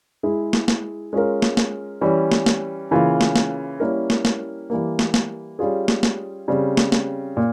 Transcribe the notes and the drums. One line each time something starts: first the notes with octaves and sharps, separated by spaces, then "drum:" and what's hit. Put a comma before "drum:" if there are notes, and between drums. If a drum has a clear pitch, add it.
G#3 E4 G#4
drum: snare
drum: snare
G#3 C#4 F4 A#4
drum: snare
drum: snare
E3 G3 C#4
drum: snare
drum: snare
C#3 E3 A#3 F4
drum: snare
drum: snare
G3 A#3 C#4 E4 A#4
drum: snare
drum: snare
E3 G3 A#3
drum: snare
drum: snare
G3 C#4 F4 G#4
drum: snare
drum: snare
C#3 G3 C4
drum: snare
drum: snare
A#2